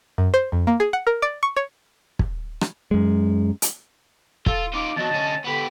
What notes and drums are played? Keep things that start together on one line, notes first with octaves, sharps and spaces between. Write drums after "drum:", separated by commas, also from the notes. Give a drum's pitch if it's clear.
F#2
C5
F2
A#3
G#4
F#5
A#4
D5
C#6
C#5
drum: kick
drum: rim click
F#2 G#3
drum: hi-hat
F4 A4, drum: kick
D#4 F4 D6
E2 F#3 D#5 A5
D2 C#4
D3 B3 G4 B5